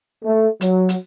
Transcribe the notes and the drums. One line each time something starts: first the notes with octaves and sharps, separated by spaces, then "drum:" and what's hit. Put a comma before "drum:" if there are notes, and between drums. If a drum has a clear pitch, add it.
A3
F#3, drum: hi-hat
drum: hi-hat